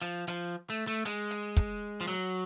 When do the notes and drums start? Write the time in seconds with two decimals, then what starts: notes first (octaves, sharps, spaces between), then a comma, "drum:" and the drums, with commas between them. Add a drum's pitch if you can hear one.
0.02 F3, drum: hi-hat
0.28 F3, drum: hi-hat
0.70 A3
0.87 A3
1.05 G#3, drum: hi-hat
1.31 drum: hi-hat
1.57 drum: kick, hi-hat
2.01 F3
2.08 F#3